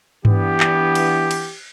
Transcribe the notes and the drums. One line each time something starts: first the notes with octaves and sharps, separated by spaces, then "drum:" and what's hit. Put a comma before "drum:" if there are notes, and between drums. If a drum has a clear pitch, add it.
E3 B3 D4 G4, drum: tom G2
drum: clap
drum: cymbal
drum: cymbal